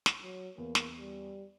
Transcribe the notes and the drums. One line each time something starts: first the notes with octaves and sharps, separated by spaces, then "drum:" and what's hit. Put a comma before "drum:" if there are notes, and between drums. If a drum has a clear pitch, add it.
drum: snare
F#3
E2 A#3
drum: snare
G3